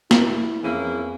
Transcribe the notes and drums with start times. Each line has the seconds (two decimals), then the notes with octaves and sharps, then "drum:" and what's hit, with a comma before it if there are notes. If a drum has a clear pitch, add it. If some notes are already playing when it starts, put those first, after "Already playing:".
0.11 E4, drum: snare
0.63 F2 E3 A#3 B3 C#4 G#4 D#7